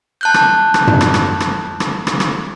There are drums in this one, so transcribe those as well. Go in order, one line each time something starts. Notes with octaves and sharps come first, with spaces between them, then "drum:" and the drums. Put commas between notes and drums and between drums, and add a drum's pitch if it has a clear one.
A5 F#6 G6
drum: rim click
drum: rim click
drum: tom
drum: rim click
drum: rim click
drum: rim click
drum: rim click
drum: rim click
drum: rim click